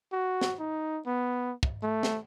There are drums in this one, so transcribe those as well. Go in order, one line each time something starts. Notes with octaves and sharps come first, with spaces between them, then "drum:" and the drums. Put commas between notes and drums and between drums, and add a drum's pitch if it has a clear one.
F#4
drum: snare
D#4
B3
drum: kick
A3
drum: snare